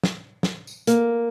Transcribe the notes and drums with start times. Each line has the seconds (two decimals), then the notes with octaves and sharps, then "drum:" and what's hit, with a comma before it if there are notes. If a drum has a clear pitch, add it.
0.04 drum: snare
0.43 drum: snare
0.67 drum: tambourine
0.87 A#3, drum: hi-hat